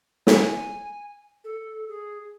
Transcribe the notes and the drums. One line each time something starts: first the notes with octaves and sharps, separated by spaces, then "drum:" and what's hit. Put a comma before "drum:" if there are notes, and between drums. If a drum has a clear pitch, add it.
G#5, drum: snare
A4
G#4